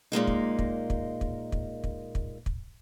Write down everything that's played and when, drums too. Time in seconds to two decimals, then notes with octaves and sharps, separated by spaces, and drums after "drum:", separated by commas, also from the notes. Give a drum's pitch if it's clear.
0.12 A#2 G#3 A#3 D#4
0.27 drum: kick
0.59 drum: kick
0.90 drum: kick
1.21 drum: kick
1.52 drum: kick
1.84 drum: kick
2.15 drum: kick
2.46 drum: kick